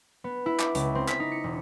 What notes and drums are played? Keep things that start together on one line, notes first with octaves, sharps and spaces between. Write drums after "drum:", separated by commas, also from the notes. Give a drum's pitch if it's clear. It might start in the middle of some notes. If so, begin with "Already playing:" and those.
B3
E4
D6, drum: clap
C#2, drum: hi-hat
C4
B6, drum: clap
D#4
C#7
E1